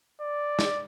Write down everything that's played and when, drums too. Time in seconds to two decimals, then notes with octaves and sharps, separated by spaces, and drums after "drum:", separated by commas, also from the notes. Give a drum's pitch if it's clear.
0.21 D5
0.59 drum: snare